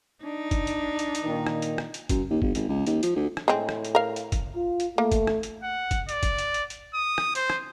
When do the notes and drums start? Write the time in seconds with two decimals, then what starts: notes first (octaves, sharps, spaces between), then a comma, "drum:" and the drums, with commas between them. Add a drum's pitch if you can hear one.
0.24 D4 D#4
0.51 drum: kick, hi-hat
0.67 drum: hi-hat
0.99 drum: hi-hat
1.15 drum: hi-hat
1.25 A#2 D#3
1.46 drum: rim click
1.62 drum: hi-hat
1.78 drum: rim click
1.94 drum: hi-hat
2.09 F#2, drum: kick, hi-hat
2.30 D#2
2.42 G1, drum: kick
2.55 G#1, drum: hi-hat
2.69 C#2
2.87 D#2, drum: hi-hat
3.03 F3, drum: hi-hat
3.16 D2
3.37 drum: rim click
3.48 A2 G#3 C4
3.69 drum: rim click
3.85 drum: hi-hat
3.95 A#4 F5
4.16 drum: hi-hat
4.32 drum: kick, hi-hat
4.56 F4
4.80 drum: hi-hat
4.98 A3 A#3
5.12 drum: kick, hi-hat
5.27 drum: rim click
5.43 drum: hi-hat
5.63 F#5
5.91 drum: kick, hi-hat
6.09 D5, drum: hi-hat
6.23 drum: kick, hi-hat
6.39 drum: hi-hat
6.54 drum: hi-hat
6.70 drum: hi-hat
6.94 D#6
7.18 drum: rim click
7.35 C5, drum: hi-hat
7.50 drum: rim click